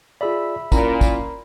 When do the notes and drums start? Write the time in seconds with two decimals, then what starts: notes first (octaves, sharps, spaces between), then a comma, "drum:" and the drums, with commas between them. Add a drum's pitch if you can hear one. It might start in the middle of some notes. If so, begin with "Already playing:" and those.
0.21 F4 G#4 D5 E5 B5 E6
0.72 A#2 C#4 E4 A#4 A#5 B5, drum: kick, tambourine
1.01 drum: kick, tambourine